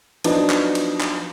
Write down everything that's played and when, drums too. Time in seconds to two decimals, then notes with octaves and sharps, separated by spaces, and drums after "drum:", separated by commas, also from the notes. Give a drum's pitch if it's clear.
0.24 F3 F#3 B3 D4 D#4, drum: cymbal
0.50 drum: clap
0.75 drum: cymbal
1.01 drum: clap